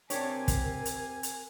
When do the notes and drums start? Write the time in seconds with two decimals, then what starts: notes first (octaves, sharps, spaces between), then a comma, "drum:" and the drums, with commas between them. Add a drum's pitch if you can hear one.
0.10 C4 D4 G4 A#4 C#5 G#5, drum: hi-hat
0.48 drum: kick, hi-hat
0.85 drum: hi-hat
1.23 drum: hi-hat